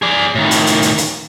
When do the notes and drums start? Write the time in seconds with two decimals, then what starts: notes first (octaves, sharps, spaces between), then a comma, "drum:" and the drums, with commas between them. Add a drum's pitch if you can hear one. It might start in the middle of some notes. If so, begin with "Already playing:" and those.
0.02 G#4 D5
0.35 A2 D#3
0.51 drum: hi-hat
0.66 drum: hi-hat
0.82 drum: hi-hat
0.98 drum: hi-hat